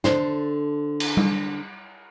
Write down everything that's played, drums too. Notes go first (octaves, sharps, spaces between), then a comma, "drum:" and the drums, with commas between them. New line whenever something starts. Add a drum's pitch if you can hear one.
D3 D4 A4 C5, drum: snare
drum: cymbal
drum: tom G3